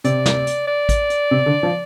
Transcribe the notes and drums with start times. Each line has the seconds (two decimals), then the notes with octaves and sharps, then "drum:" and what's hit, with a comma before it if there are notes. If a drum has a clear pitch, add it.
0.04 C3 D5, drum: hi-hat
0.26 drum: snare
0.47 drum: hi-hat
0.67 D5
0.89 drum: kick A1, hi-hat
1.10 drum: hi-hat
1.31 C3
1.46 D3
1.63 F3